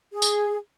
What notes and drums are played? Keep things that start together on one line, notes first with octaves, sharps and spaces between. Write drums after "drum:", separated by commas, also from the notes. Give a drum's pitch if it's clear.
G#4
drum: tambourine